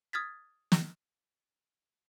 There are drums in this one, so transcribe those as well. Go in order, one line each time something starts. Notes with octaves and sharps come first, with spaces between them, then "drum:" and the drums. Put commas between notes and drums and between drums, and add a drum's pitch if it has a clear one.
D#6 F6 G#6 A6 B6
drum: snare